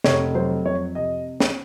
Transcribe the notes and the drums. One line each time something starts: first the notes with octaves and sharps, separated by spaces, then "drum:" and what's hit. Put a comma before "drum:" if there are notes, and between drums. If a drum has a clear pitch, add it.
F1 C#5, drum: snare
F#3 C5
F2 C#5
C3 D#5
drum: snare